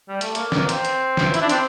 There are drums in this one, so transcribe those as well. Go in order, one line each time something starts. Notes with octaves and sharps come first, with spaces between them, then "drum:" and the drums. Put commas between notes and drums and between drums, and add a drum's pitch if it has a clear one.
G3
A3, drum: hi-hat
A#3, drum: hi-hat
drum: snare
C4, drum: hi-hat
drum: hi-hat
drum: snare
E4, drum: hi-hat
D4
C4, drum: hi-hat